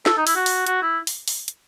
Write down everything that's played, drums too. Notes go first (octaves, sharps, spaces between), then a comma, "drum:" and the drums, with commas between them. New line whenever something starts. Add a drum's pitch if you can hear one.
A4, drum: snare
D#4
E4, drum: open hi-hat
F#4
drum: open hi-hat
F#4, drum: hi-hat
E4
drum: open hi-hat
drum: open hi-hat
drum: hi-hat